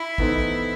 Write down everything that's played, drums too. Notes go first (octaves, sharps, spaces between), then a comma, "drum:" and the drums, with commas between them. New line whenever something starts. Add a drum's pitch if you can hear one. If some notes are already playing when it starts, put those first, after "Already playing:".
Already playing: E4
E3 B3 D#4 A4 C5, drum: kick A1